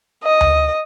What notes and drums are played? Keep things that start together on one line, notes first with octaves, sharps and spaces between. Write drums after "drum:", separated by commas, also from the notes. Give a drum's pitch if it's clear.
D#5
drum: tom D2